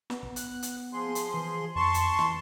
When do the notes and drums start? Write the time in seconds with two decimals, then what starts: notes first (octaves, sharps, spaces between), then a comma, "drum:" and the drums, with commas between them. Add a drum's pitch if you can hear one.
0.10 B3, drum: snare
0.23 drum: kick
0.36 F#6, drum: hi-hat
0.62 drum: hi-hat
0.93 F3 G#4 C6
1.15 drum: hi-hat
1.34 E3
1.76 F2 A5 C6 C#6
1.94 drum: hi-hat
2.19 E3, drum: snare